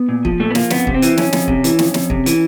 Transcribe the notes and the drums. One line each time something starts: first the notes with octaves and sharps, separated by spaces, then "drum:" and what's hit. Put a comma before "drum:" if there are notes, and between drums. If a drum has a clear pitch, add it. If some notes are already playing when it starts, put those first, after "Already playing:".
Already playing: B3
A#2
F3, drum: kick
A#2 A3
B3
F3 A#3, drum: snare
F2 B3, drum: snare
C3, drum: kick
C4
E3, drum: hi-hat
F2 C#4, drum: snare
F2, drum: snare
C3, drum: kick
E3, drum: hi-hat
F2, drum: snare
F2, drum: snare
C3, drum: kick
E3, drum: hi-hat